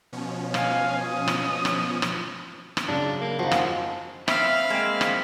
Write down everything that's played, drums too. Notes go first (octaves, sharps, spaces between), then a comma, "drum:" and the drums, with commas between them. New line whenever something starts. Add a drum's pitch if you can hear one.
B2 F3 C#4
F5 G#5, drum: rim click
D#6
drum: rim click
drum: rim click
drum: rim click
drum: rim click
F#2 C#3 D4
A#3
D#3 F3 F#4
G#3, drum: rim click
C4 E5 F5 B5, drum: rim click
G#3 A#3 C4
drum: rim click